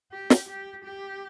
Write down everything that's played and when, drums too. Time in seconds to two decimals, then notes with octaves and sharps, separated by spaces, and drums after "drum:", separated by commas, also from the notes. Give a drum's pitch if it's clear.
0.12 G4
0.30 drum: snare
0.49 G4
0.84 G4